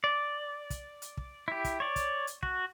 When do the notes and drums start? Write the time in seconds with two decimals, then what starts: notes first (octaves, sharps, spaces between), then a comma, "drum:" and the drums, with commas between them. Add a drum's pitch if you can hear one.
0.04 D5
0.70 drum: kick, hi-hat
1.02 drum: hi-hat
1.17 drum: kick
1.48 E4 G4
1.64 drum: kick, hi-hat
1.80 C#5 D5
1.96 drum: kick, hi-hat
2.27 drum: hi-hat
2.43 F#4, drum: kick